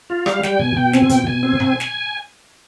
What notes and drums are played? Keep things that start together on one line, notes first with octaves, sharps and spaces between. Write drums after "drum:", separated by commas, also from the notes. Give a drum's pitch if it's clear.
F4
G3 F5, drum: rim click
G3 G5, drum: snare
B2 G#5
B2 G5
C4 G#5, drum: snare
B2 G5, drum: hi-hat
B2 G#5
C4
C4, drum: tom B2
drum: snare